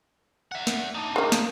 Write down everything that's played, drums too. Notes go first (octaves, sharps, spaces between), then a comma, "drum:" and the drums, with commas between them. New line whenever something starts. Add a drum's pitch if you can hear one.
E5 F#5
drum: snare
D4 D#4
G#3 A#3
drum: snare